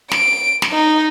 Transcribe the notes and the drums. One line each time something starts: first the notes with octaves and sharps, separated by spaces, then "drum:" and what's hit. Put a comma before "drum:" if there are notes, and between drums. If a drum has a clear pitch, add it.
D7, drum: snare
drum: snare
D#4